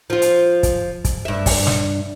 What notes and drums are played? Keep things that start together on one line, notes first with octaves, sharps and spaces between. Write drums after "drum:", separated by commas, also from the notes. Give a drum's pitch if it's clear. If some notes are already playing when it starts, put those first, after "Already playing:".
F3 F4
drum: hi-hat
drum: kick, hi-hat
drum: kick, hi-hat
G2 E5
drum: kick, open hi-hat
drum: snare